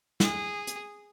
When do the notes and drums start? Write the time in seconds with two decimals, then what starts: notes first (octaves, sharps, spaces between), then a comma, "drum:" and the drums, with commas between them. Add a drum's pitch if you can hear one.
0.20 G#4, drum: snare
0.67 drum: hi-hat